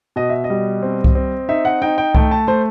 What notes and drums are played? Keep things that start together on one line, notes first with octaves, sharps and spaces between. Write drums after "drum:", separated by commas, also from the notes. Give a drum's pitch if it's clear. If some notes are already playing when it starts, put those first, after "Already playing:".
B2 D#5
E5
D#5
G3
C4
drum: kick C2
C4
D#4 E5
F#5
D#4 G5
G5
A3 G5, drum: kick C2
A5
A3 C5